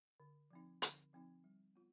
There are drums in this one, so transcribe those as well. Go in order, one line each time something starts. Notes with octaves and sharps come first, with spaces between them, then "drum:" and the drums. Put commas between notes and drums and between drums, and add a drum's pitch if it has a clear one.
D3
F3 C4 D#4
D3, drum: hi-hat
F3 C4 D#4
G3
B3 F4